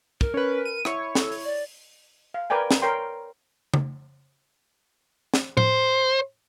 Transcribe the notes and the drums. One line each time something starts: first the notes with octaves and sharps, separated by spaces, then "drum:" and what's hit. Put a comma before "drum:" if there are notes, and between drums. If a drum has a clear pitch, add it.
A#4, drum: kick
C#4 B4
D#7
E4 C#5, drum: rim click
A4, drum: snare
drum: open hi-hat
D5
F5
A#4 B4 D5 G5 G#5
drum: snare
A#4 C#5 G5 C6
drum: tom C#3
drum: snare
C5, drum: tom A2